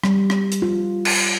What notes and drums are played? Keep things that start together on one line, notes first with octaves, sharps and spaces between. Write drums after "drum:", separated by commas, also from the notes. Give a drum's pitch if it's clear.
G3, drum: rim click
drum: rim click
drum: hi-hat
F4
drum: cymbal